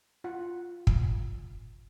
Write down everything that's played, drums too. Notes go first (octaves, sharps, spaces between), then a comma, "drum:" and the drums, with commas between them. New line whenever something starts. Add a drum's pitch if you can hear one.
F4 F#5
drum: kick